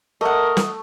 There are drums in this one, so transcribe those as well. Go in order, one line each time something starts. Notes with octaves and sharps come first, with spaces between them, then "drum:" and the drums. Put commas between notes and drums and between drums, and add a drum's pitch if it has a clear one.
A3 A#4 D#5 F#5
drum: snare